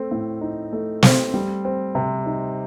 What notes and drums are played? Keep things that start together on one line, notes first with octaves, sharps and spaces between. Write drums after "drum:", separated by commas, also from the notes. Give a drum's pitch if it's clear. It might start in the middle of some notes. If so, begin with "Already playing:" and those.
Already playing: A3 C4
A2
D#4
A3
C4, drum: snare
G3
C4
C3
D#4